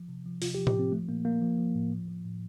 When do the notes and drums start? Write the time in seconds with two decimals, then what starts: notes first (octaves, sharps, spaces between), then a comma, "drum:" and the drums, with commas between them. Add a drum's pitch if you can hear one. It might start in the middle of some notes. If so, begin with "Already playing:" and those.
Already playing: F3
0.09 C3
0.25 F3
0.42 C3 F4, drum: open hi-hat
0.55 G4
0.59 F3
0.67 G4, drum: tom A2
0.75 F3 C4
0.92 F3 A3
1.08 A#2 A#3
1.25 F3 A#3
1.41 F3
1.58 F3
1.75 A2
1.91 F3
2.08 F3
2.25 A2